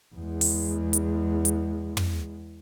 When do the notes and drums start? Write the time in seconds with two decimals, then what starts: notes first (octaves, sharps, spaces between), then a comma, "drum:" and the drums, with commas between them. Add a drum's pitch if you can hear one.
0.15 E2 G#3
0.41 drum: open hi-hat
0.93 drum: hi-hat
1.45 drum: hi-hat
1.97 drum: tom